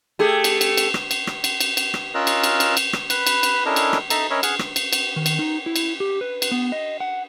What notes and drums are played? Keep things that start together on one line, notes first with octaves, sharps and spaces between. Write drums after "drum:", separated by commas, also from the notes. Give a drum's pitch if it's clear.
A3 G4 G#4
drum: cymbal
drum: cymbal
drum: cymbal
drum: rim click
drum: cymbal
drum: rim click
drum: cymbal
drum: cymbal
drum: cymbal
drum: rim click
C#4 F4 A#4 D#5 E6 F#6
drum: cymbal
drum: cymbal
drum: cymbal
drum: cymbal
drum: rim click
B4 B5, drum: cymbal
drum: cymbal
drum: cymbal
C#4 D4 E4 A4 A#4 D#5
drum: cymbal
drum: rim click
D#4 A4 E5 A5 A#5, drum: cymbal
C#4 A#4 C#5 D#5 E5 B5
G#4 F#5 F6, drum: cymbal
drum: rim click
drum: cymbal
drum: cymbal
D#3
drum: cymbal
D#4
E4
drum: cymbal
G4
B4
drum: cymbal
B3
D#5
F#5